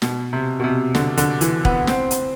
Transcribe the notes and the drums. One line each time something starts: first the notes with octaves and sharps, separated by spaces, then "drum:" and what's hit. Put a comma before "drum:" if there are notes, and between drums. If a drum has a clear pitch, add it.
B2, drum: snare
C3
B2
C3
D3, drum: snare
D3, drum: hi-hat
E3, drum: hi-hat
B3, drum: kick E1
C4, drum: snare
drum: hi-hat